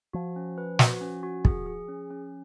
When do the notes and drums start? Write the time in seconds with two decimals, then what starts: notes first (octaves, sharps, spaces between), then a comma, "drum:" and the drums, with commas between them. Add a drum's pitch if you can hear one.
0.13 F3 F#4
0.36 C#4
0.58 B4
0.79 F#4, drum: snare
1.01 C#4
1.23 F#4
1.45 G#4, drum: kick
1.66 G#4
1.88 C#4
2.11 C#4